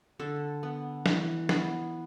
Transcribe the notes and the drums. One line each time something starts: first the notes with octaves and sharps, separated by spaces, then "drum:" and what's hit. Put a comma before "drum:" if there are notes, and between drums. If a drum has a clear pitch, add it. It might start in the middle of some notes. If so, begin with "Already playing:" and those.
D3 A4
B3
E3, drum: snare
B3, drum: snare